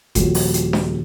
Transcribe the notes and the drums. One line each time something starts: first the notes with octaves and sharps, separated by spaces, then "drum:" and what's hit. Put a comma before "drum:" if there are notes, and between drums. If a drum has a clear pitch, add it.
D#1 F3 F#4, drum: kick F#1, hi-hat
drum: open hi-hat
drum: hi-hat
drum: snare D4